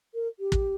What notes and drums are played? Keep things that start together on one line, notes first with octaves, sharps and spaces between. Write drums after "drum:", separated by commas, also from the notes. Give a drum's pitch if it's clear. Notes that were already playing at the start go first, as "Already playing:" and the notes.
A#4
G4
drum: kick